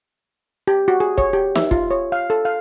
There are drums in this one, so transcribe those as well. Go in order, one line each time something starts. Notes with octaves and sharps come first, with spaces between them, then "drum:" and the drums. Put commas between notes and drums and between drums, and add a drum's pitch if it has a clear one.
G4
F#4
G#4
C#5, drum: kick
G4
E5, drum: snare
F4, drum: kick
C#5
F5
A4
F5